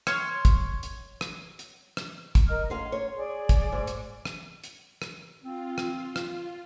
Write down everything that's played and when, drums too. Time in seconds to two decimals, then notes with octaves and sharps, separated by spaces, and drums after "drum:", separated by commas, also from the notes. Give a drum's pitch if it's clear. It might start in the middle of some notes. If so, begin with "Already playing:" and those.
0.07 C#5 C6 F6, drum: rim click
0.45 drum: kick, hi-hat
0.83 drum: hi-hat
1.21 drum: rim click
1.59 drum: hi-hat
1.97 drum: rim click
2.35 drum: kick, hi-hat
2.48 A#4 D#5 F6
2.70 G#4 F5 C6
2.92 C#5
3.16 G#4 D5
3.49 drum: kick, hi-hat
3.72 G#2
3.87 drum: hi-hat
4.25 drum: rim click
4.64 drum: hi-hat
5.02 drum: rim click
5.43 C4 F4
5.78 drum: rim click
6.16 drum: rim click